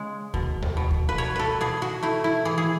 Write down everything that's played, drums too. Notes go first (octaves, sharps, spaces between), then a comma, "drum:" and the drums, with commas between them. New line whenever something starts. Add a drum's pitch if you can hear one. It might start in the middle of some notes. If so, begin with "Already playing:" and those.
Already playing: C#3 G#3
B2, drum: kick D2
drum: tom D#2
B2
drum: kick D2
B4
B2 C#5
A4 B4
B2 G#4
F#4
A3 E4
E4
E3 G#4
G#4